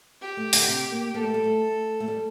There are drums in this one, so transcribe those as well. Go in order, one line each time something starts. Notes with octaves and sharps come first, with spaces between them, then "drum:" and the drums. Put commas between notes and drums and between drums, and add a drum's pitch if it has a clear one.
G4
A3
D3, drum: open hi-hat
C3
A#3
A#3 A4
A3
G3
A3
A3
G3